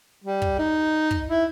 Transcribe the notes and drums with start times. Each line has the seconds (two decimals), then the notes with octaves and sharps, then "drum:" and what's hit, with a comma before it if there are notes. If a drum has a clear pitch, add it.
0.24 G3
0.42 drum: kick
0.59 D#4
1.11 drum: kick
1.29 E4